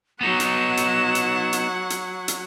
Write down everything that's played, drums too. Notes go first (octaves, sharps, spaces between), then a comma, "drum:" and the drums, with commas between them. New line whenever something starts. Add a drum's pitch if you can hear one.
F#3 B3 D#4 F#5 E7
drum: hi-hat
drum: hi-hat
drum: hi-hat
drum: hi-hat
drum: hi-hat
drum: hi-hat